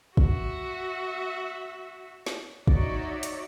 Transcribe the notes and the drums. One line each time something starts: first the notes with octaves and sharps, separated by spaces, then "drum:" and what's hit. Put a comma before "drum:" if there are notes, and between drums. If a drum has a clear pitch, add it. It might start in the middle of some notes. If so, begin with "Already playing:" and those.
F#4 E5, drum: kick
drum: snare
D#4 F#4 C#5 D5 E5, drum: kick
drum: hi-hat